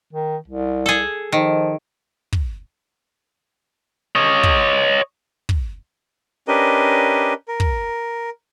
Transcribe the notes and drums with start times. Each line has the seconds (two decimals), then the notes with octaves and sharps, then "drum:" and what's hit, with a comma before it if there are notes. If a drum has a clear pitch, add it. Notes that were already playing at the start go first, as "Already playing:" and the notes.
0.13 D#3
0.48 C2
0.86 G#4 A4
1.32 D#3 F3
2.33 drum: kick
4.15 C#5 D#5
4.43 drum: kick
5.49 drum: kick
6.48 C#4 D4 G4 A#4 B4 D#5
7.48 A#4
7.60 drum: kick